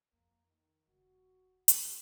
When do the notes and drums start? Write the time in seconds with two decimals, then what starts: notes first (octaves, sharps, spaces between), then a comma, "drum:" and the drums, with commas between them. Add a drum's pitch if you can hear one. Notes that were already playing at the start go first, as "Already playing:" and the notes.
0.12 F2 A#3
0.46 D#3
0.87 E1 C#2 F#4
1.68 drum: hi-hat